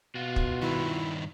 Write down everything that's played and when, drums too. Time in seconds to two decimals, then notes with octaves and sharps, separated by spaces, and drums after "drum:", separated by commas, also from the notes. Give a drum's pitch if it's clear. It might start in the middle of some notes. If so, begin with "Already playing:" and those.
0.15 B2 F4 F#4
0.36 drum: kick
0.62 G2 D#3 E4